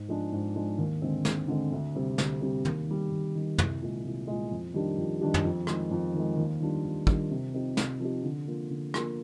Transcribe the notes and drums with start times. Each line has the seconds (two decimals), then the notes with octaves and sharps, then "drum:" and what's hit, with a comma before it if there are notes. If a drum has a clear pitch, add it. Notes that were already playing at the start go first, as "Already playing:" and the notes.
Already playing: G#2
0.08 F3 G#3 D4
0.32 G#2
0.55 F3 G#3 D4
0.78 D#2
1.02 D3 G#3 C4
1.25 D#2, drum: snare
1.48 D3 G#3 C4
1.72 D2
1.95 C3 G3 C4
2.18 D2, drum: snare
2.42 C3 G3 C4
2.65 D#2, drum: tom
2.88 D#3 G3
3.12 D#2
3.35 D#3 G3
3.58 C2, drum: tom
3.81 A#2 G#3
4.05 C2
4.27 A#2 G#3
4.52 F2
4.74 D#3 G3 D4 G4
4.98 F2
5.21 D#3 G3 D4 G4
5.34 drum: tom
5.44 F2
5.67 D#3 G#3, drum: rim click
5.91 F2
6.14 D#3 G#3
6.37 D#2
6.60 D#3 G3 D4 F4
6.85 D#2
7.07 D#3 G3 D4 F4, drum: kick
7.31 C3
7.54 F3 C4 D#4 G4
7.77 C3, drum: snare
8.00 F3 C4 D#4 G4
8.23 D3
8.47 F3 A#3 F4
8.71 D3
8.94 F3 A#3 F4, drum: rim click